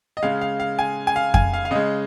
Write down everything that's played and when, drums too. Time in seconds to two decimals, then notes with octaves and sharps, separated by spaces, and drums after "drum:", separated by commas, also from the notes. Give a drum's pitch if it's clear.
0.17 D#5
0.23 C#3 G#3 F5
0.41 F5
0.60 F5
0.79 G#5
1.07 G#5
1.16 F5
1.34 G#5, drum: kick F2
1.54 F5
1.65 F5
1.71 C#3 G#3 D#5